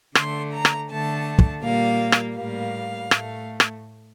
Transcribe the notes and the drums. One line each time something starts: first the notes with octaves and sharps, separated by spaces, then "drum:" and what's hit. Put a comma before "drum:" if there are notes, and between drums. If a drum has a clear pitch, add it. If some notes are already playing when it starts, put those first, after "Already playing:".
D3 A3 C6, drum: rim click
A#5
drum: rim click
D3 A3 A5
drum: kick
A#2 G3 A#3 F5
drum: rim click
A2 G3 A#3 F5
A2 A3, drum: rim click
drum: rim click